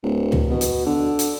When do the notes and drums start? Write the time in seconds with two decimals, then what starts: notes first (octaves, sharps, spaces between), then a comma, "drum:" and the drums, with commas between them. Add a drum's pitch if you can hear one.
0.03 D1
0.32 drum: tom
0.49 B2
0.61 drum: hi-hat
0.86 D3
1.19 drum: hi-hat